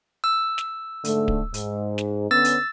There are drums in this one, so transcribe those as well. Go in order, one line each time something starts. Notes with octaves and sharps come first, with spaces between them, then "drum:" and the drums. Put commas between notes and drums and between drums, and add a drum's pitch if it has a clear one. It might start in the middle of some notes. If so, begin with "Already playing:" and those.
E6
drum: snare
G#2 D3 A3, drum: hi-hat
drum: kick D1
G#2, drum: hi-hat
drum: snare
D3 B3 C#4 E6 A6
drum: hi-hat